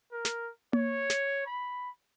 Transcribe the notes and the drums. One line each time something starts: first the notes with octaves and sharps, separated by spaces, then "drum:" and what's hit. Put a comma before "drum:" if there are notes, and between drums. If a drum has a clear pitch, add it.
A#4
drum: snare
C#5, drum: tom A#3
drum: snare
B5